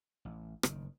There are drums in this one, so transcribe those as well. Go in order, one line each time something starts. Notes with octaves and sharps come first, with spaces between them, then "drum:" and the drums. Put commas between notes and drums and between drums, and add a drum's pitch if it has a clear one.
A1
F#1 B2 D#3, drum: rim click